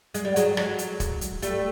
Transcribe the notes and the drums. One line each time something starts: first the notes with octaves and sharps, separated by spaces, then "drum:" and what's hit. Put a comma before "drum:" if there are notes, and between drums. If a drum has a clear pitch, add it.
G#3, drum: hi-hat
G3
F#3 G#3, drum: hi-hat
F#3 G#3, drum: rim click
drum: hi-hat
drum: kick, hi-hat
drum: hi-hat
G3 A3, drum: hi-hat